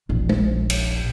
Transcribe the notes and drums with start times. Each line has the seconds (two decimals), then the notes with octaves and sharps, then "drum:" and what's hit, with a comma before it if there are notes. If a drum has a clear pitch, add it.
0.09 D#1 A#1
0.29 drum: tom G#3
0.70 drum: cymbal